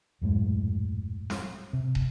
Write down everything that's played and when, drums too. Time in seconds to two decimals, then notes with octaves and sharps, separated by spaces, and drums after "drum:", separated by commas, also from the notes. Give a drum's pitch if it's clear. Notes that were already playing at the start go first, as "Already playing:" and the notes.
0.22 D#1 F#2 A2 G#3
1.30 drum: snare
1.73 C3
1.95 drum: kick